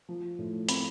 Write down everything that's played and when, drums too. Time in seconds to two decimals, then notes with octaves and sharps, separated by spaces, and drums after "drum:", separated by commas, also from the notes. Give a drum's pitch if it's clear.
0.09 F3
0.39 A2
0.69 C4 B5, drum: hi-hat